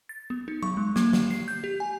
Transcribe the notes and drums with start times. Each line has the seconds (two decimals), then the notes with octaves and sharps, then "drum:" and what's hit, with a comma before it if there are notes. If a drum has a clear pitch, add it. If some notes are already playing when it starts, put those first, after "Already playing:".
0.09 A6
0.30 B3
0.48 D#4
0.63 C#6, drum: tom F#3
0.77 G#3
0.96 A#3, drum: snare
1.13 D3, drum: snare
1.31 C7
1.48 G6
1.64 G4
1.80 G#5